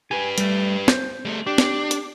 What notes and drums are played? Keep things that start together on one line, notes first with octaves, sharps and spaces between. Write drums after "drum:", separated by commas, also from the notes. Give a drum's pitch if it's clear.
G4 B4 G#5
G3 A3, drum: hi-hat
C5, drum: snare
G3 A3
D4 G4
drum: snare
drum: hi-hat